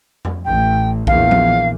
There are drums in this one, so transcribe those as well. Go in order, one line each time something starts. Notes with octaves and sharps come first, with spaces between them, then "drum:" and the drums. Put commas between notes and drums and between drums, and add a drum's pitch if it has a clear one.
drum: tom F2
A1 G5
A#1 E2 A#2 F5, drum: kick
drum: tom F3